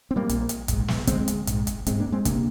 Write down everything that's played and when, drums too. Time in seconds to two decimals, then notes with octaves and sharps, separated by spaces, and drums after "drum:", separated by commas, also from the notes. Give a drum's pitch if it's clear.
0.11 C4
0.16 G3 A#3
0.29 A#1 A#2, drum: hi-hat
0.49 drum: hi-hat
0.68 A#1 G#2, drum: kick, hi-hat
0.88 drum: snare
1.07 D2 D3 G#3 C4, drum: kick, hi-hat
1.28 drum: hi-hat
1.47 A#1 G#2, drum: hi-hat
1.67 drum: kick, hi-hat
1.86 G#1 G#3 C4, drum: hi-hat
1.90 G#2
2.00 A#3 D4
2.12 G#3 C4
2.25 C3 A#3 D4, drum: kick, hi-hat